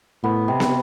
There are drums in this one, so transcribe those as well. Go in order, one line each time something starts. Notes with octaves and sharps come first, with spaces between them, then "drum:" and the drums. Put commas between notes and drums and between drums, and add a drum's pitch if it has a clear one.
A2 B3
C3
drum: snare